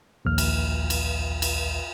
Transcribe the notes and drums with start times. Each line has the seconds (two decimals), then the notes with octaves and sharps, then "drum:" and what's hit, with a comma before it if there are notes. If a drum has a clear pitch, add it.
0.25 A#1 D#2 F6
0.38 drum: cymbal
0.90 drum: cymbal
1.42 drum: cymbal